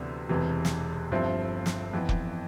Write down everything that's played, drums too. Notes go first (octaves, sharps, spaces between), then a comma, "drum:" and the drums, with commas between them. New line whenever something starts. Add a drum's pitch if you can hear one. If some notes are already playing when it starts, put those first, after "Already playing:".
Already playing: D2 C3 E3 B3 D4
E1 E2 C3 E3
drum: snare
G1 G2 F3 C4 E4
drum: snare
F2 E3 B3
drum: kick